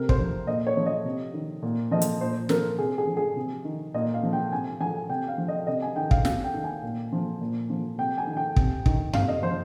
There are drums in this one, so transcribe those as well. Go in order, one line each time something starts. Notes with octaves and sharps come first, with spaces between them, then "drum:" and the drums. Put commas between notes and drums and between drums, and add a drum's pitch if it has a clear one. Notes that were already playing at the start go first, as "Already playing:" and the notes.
Already playing: C3 A#4
C5, drum: kick
F3
A#2 D#5
C#5
F3
D#5
C3
D#3
A#2
F3 D#5
drum: hi-hat
A#2 C5
F3 A#4, drum: snare
C3 G#4
G#4
F3
G#4
C3
D#3
A#2 D#5
F5
F3
G5
C3 G#5
F3 G#5
C3 G5
F5
F3
D#5
C3 D#5
G#5
D#3 G5
F5, drum: kick
C3 F5, drum: snare
G5
D#3
G#5
A#2
F3
A#2
F3
C3 G5
G#5
D#3
G5
C3, drum: kick
D#3, drum: kick
C3 F5, drum: tom F#2
D#5
F3 C5